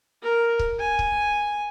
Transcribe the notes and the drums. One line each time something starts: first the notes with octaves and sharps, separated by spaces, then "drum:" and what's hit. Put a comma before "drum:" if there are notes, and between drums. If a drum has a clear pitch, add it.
A#4
drum: kick C#1
G#5
drum: kick C#1